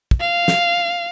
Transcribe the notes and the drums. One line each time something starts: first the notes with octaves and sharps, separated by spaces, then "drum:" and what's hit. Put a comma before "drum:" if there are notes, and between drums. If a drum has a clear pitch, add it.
drum: kick
F5
drum: snare